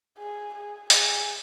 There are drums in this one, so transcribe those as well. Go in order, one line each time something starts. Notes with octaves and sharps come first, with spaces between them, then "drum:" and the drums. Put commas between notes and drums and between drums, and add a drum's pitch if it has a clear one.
G#4
G#4
G#4, drum: hi-hat